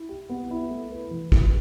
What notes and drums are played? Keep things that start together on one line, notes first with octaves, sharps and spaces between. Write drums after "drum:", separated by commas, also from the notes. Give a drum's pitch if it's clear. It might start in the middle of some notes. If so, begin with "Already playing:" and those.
Already playing: E4
G4
B3
E4
A3
B4
E3
B4, drum: kick